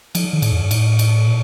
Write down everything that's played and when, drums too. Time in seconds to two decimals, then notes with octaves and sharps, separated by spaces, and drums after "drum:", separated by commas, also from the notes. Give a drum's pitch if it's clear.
0.15 F3, drum: cymbal
0.33 D#3
0.42 A2, drum: cymbal
0.52 F2
0.61 G2
0.71 A2, drum: cymbal
0.99 drum: cymbal
1.27 A#2